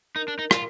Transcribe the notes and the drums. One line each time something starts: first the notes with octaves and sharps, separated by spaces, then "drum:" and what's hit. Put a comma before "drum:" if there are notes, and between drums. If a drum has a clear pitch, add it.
D#4 A#4
D4
D#4
F4, drum: rim click